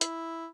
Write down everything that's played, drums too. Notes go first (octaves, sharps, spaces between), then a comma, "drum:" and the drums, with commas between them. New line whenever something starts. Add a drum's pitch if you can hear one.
E4, drum: hi-hat